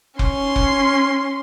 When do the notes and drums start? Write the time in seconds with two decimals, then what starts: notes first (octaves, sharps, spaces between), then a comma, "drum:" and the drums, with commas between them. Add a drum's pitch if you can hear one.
0.19 C#4 C6, drum: kick F1
0.56 drum: kick F1